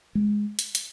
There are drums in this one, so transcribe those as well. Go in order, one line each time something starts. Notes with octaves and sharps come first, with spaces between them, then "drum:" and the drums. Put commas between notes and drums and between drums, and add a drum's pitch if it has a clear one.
G#3
drum: hi-hat
drum: hi-hat